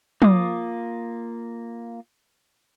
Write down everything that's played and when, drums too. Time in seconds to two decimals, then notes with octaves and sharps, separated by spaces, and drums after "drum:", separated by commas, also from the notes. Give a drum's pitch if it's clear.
0.22 A#3 F4 D6 D#6, drum: tom